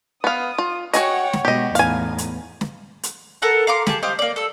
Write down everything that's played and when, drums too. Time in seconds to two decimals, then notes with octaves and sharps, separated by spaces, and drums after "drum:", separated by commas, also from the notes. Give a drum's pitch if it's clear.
0.24 B3 F5 D#6
0.58 F4
0.94 F#4 G#4 C#5 D#5 F#5 G5, drum: hi-hat
1.33 drum: snare
1.45 B2 G#3 F#4 G4 D#5
1.75 E2 A2 D#4 F5 G#5, drum: hi-hat
2.18 drum: hi-hat
2.61 drum: snare
3.03 drum: hi-hat
3.42 A4 A#4 F#5 A5
3.67 F5 A#5 C6 D6
3.87 G4 G#4 A5, drum: snare
4.03 G4 C5 D#5 F5
4.19 A#3 D5
4.36 A4 E6